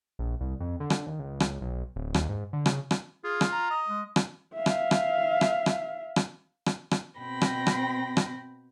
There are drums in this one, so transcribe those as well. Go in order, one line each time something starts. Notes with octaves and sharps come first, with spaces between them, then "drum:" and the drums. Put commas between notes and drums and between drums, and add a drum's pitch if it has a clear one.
A#1
C2
F2
D3
drum: rim click
D#2
C#2
drum: rim click
B1
D1
D#2, drum: rim click
G#2
D3
C#3, drum: rim click
drum: rim click
F4 G#4
drum: rim click
A#5
D#5
G#3
drum: rim click
E5 F5
drum: rim click
drum: rim click
drum: rim click
drum: rim click
drum: rim click
drum: rim click
drum: rim click
B2 C4 G5 B5 A#6
drum: rim click
drum: rim click
drum: rim click